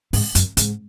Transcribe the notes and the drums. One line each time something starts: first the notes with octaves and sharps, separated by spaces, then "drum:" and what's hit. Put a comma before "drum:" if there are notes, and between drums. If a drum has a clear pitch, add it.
G#2, drum: open hi-hat
F#2, drum: hi-hat
G#2, drum: hi-hat